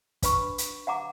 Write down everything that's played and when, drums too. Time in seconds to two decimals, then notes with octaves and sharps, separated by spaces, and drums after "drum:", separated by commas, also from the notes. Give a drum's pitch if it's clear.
0.23 D4 B4 B5 C#6, drum: kick, hi-hat
0.58 drum: hi-hat
0.87 F5 F#5 A#5 D6